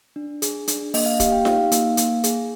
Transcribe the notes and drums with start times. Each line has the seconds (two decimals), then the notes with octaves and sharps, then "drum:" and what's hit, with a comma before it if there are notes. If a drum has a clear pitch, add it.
0.16 D4
0.42 G#4, drum: hi-hat
0.68 D4, drum: hi-hat
0.94 A#3 D#5, drum: open hi-hat
1.06 F5
1.20 G4 F5, drum: kick, hi-hat
1.32 G5
1.45 D#4 F5, drum: snare F4
1.72 A#3, drum: hi-hat
1.97 A#3, drum: hi-hat
2.24 G#4, drum: hi-hat